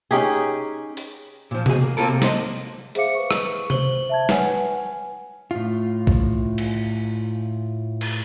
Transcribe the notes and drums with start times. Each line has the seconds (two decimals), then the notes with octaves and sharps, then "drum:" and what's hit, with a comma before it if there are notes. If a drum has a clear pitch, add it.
0.11 C#4 D#4 G4 G#4
0.97 drum: open hi-hat
1.51 A#2 F3
1.66 B2 G#4, drum: tom C3
1.81 A#3
1.97 A#3 C4 D#4 F4 A4 A#4
2.09 C3
2.22 A#3 C5 D#5, drum: snare
2.95 G#4 C5 E5 F5 D6 C#7, drum: hi-hat
3.15 B4 C#6
3.31 drum: rim click
3.70 C5 F#7 G7, drum: tom C3
4.09 E5 A5 G#6
4.29 B4 C#5 F#5 G#5, drum: snare
5.51 A2 F4
6.07 drum: kick A#1
6.58 drum: cymbal
8.01 drum: cymbal